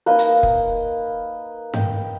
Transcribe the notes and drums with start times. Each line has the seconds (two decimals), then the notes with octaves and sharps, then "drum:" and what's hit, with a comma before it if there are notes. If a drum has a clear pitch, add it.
0.06 A#3 D#4 B4 D#5
0.18 drum: hi-hat
0.43 drum: kick F1
1.74 D#5 G5, drum: tom G2